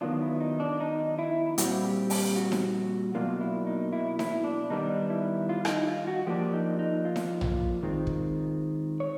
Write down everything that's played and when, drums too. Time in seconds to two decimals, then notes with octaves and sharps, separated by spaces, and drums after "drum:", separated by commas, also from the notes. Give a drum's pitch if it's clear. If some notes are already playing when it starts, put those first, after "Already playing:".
0.01 D#3 F#3 B3 D4 F4
0.22 E4
0.40 D#4
0.60 D4
0.80 D#4
1.19 E4
1.58 A#2 G3 C4 F#4, drum: hi-hat
1.85 G4
2.10 G4, drum: open hi-hat
2.36 F#4
2.52 drum: snare D#4
3.15 B2 F#3 A#3 D4 F4
3.41 E4
3.67 D#4
3.93 E4
4.19 E4, drum: snare D#4
4.44 D4
4.70 D#3 G3 B3 D4 D#4
5.10 E4
5.49 F4
5.65 E4, drum: rim click
5.68 D#4
5.87 F4
6.07 F#4
6.27 F3 A#3 D4 G4
6.53 D#4
6.79 D#4
7.05 F4
7.16 drum: snare D#4
7.41 drum: tom A#1
7.83 D#3 G#3 C4
8.07 drum: kick
9.00 C#5